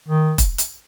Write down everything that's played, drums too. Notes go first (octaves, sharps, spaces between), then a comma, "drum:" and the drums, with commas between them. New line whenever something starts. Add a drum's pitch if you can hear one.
D#3
drum: kick E1, hi-hat
drum: hi-hat